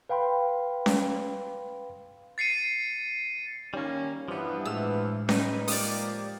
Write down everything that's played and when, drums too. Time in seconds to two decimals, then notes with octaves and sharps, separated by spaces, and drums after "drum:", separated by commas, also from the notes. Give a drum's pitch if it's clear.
0.09 B4 F5 G5 B5 C6
0.86 drum: snare C#4
2.38 A6 C7 C#7 D#7
3.74 D#3 G3 A#3 C#4
4.28 G2 E3 F3 G3 B3 D5
4.66 A2 G#3 E6 F6
5.29 D#4 B4, drum: snare C#4
5.68 F3 A#3 G4 D5 D#6, drum: open hi-hat